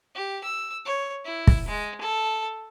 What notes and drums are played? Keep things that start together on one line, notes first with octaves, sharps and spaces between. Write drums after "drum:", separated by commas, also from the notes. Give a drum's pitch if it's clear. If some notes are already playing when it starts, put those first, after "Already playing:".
G4
E6
C#5
E4
drum: kick
G#3
A4